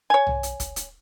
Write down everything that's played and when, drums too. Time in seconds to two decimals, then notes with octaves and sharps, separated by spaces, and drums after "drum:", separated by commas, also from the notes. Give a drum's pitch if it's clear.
0.10 C#5 G#5
0.27 drum: tom
0.43 drum: hi-hat
0.60 drum: kick, hi-hat
0.76 drum: hi-hat